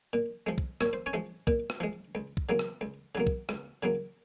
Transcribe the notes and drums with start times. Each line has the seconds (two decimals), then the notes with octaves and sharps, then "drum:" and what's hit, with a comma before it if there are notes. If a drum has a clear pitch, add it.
0.13 A#2
0.46 F3 G#3
0.58 drum: kick
0.81 A#2 C#5, drum: rim click
0.93 C5
1.06 C#4 C#5
1.13 F3 G#3
1.47 A#2, drum: kick
1.70 drum: rim click
1.80 F3 G#3
2.15 C#2
2.37 drum: kick
2.49 C#3 F#3 A#3
2.59 drum: rim click
2.81 C#2
3.15 C#3 F#3 A#3
3.27 drum: kick
3.49 C#2, drum: rim click
3.83 C#3 F#3 A#3